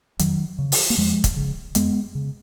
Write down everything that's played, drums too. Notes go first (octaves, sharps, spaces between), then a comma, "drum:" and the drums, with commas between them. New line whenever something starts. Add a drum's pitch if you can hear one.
F2 D#3 F#3, drum: hi-hat
C#3
drum: open hi-hat
A#3
F2 F3 G#3
drum: kick, hi-hat
C#3
F2 G#3 B3, drum: hi-hat
C#3